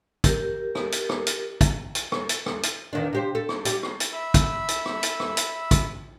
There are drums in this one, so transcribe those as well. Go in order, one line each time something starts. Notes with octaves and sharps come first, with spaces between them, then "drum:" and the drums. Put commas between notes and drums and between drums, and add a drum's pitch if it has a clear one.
G4 A#4, drum: kick, hi-hat
drum: rim click
drum: hi-hat
drum: rim click
drum: hi-hat
drum: kick, hi-hat
drum: hi-hat
drum: rim click
drum: hi-hat
drum: rim click
drum: hi-hat
E2 D#3 D4
C3 G4 C5
A4
drum: rim click
G3 G4, drum: hi-hat
drum: rim click
drum: hi-hat
E5 B5 E6
drum: kick, hi-hat
drum: hi-hat
drum: rim click
drum: hi-hat
drum: rim click
drum: hi-hat
drum: kick, hi-hat